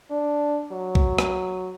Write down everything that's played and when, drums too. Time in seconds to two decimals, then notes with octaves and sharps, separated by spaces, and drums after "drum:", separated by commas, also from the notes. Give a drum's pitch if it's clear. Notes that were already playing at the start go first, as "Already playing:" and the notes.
0.11 D4
0.72 F#3
0.95 drum: kick
1.18 drum: rim click